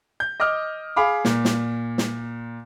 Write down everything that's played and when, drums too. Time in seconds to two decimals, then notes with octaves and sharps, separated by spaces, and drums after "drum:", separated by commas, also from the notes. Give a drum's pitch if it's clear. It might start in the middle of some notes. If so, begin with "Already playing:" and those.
0.20 G6
0.40 D#5 D6 D#6 F6
0.96 G#4 F5 B5 D6
1.25 A#2, drum: snare
1.45 drum: snare
1.98 drum: snare